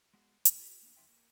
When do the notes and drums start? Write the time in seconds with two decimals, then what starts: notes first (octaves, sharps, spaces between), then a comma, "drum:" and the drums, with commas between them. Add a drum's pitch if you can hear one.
0.13 G#3 B3 F#4 G#4
0.45 A2, drum: hi-hat
0.59 F4 G4
0.82 A3 A#3 D4
0.97 F#2 D3 A3 F4 E5 G5
1.09 A#3